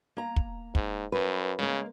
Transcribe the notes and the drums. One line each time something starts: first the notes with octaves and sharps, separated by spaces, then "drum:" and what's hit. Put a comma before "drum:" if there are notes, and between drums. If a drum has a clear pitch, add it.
A#3 A#5
drum: kick
G#2, drum: kick
F#2 B4
C#3 G#3 A#3